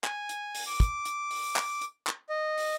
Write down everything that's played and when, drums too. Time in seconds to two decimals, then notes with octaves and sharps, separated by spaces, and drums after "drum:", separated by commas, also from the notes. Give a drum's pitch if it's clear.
0.04 G#5, drum: clap
0.29 drum: hi-hat
0.55 drum: open hi-hat
0.67 D6
0.80 drum: kick, hi-hat
1.05 drum: hi-hat
1.31 drum: open hi-hat
1.56 drum: clap
1.81 drum: hi-hat
2.07 drum: clap
2.29 D#5
2.58 drum: open hi-hat